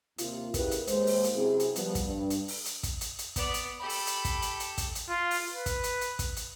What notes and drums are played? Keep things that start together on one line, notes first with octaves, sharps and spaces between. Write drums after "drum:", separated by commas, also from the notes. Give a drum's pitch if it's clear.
D#2 C3 A#3 F4, drum: hi-hat
C#3 B3 E4 G4 A#4 B4, drum: kick, hi-hat
drum: hi-hat
D#2 G#3 C5, drum: hi-hat
drum: open hi-hat
drum: hi-hat
F#2 C3 C4 E4 G#4
drum: hi-hat
F3 G3 B3, drum: hi-hat
drum: kick, hi-hat
G2
drum: hi-hat
drum: open hi-hat
drum: hi-hat
drum: kick, hi-hat
drum: hi-hat
drum: hi-hat
B3 D5, drum: kick, hi-hat
drum: hi-hat
G4 A4 B5
drum: open hi-hat
drum: hi-hat
drum: kick, hi-hat
drum: hi-hat
drum: hi-hat
drum: kick, hi-hat
drum: hi-hat
F4
drum: open hi-hat
B4
drum: kick, hi-hat
drum: hi-hat
drum: hi-hat
drum: kick, hi-hat
drum: hi-hat